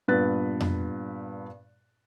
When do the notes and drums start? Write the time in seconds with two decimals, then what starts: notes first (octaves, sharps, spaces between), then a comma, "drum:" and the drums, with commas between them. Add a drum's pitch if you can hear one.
0.08 G2 A#2 B3 B4 F#6 A6
0.60 drum: tom F2